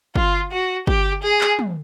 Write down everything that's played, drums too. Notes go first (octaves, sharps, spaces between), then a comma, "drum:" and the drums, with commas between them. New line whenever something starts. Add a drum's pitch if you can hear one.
F4, drum: kick
F#4
G4, drum: kick
G#4
drum: clap
drum: tom